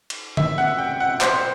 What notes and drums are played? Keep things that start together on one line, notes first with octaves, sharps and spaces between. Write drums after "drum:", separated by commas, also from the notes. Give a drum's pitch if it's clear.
drum: cymbal
E5, drum: tom D3
F#5
G5
F#5
C5, drum: clap